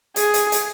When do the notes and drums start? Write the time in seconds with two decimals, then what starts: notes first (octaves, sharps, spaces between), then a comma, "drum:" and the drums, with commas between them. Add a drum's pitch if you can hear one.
0.16 G#4, drum: hi-hat
0.34 drum: hi-hat
0.52 drum: hi-hat